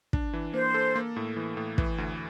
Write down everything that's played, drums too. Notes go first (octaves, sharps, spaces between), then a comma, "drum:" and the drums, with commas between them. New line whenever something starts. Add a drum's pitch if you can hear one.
D4, drum: kick
E3
A#3 C5
A4
A#3
A2
E3
A2
E3, drum: kick
D2